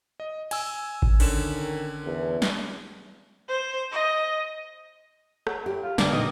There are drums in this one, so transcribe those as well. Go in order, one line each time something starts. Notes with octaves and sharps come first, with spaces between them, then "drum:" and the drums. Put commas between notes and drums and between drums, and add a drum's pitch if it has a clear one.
D#5
G#5 E6, drum: cymbal
drum: kick G#1
D3 D#3 C#4 E7, drum: cymbal
E2
drum: snare
C5
D#5
F#3, drum: rim click
A2 G4
F4
F2 D3 B3 D4 A#4 G5, drum: snare
A#2 D3 F#3 D#4